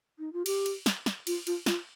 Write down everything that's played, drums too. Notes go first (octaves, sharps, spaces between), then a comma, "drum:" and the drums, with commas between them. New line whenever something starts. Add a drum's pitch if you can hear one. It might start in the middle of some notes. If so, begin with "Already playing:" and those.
D#4
F4
G4, drum: cymbal
drum: cymbal
drum: snare
drum: snare
F4, drum: cymbal
F4, drum: cymbal
F4, drum: snare